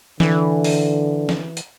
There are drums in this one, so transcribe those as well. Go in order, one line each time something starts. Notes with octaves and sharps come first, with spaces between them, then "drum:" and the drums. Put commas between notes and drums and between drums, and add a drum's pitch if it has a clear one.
D3 E3, drum: snare
drum: open hi-hat
drum: snare
drum: hi-hat